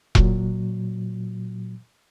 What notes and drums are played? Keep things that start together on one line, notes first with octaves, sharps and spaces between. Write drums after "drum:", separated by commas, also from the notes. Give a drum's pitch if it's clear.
A#2 F#3, drum: kick E1